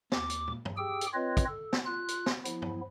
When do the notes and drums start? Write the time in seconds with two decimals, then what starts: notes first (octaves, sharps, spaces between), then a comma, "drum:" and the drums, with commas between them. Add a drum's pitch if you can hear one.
0.12 D#2 D6, drum: snare
0.30 drum: hi-hat
0.47 drum: tom
0.65 drum: tom
0.77 G4 G#4 G5 E6
1.01 drum: hi-hat
1.14 C4 F4 B4 C#5 D#5
1.37 drum: kick, hi-hat
1.48 A4
1.73 drum: snare
1.85 F4 F#6
2.08 drum: hi-hat
2.26 drum: snare
2.45 F3 B3 E4, drum: hi-hat
2.62 drum: tom